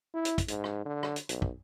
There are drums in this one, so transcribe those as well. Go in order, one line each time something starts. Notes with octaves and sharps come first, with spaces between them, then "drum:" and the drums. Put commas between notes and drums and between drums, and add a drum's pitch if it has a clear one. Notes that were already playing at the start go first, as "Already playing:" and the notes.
E4
drum: hi-hat
drum: kick, hi-hat
G#2, drum: hi-hat
drum: rim click
D3
drum: rim click
drum: hi-hat
B1, drum: hi-hat
drum: kick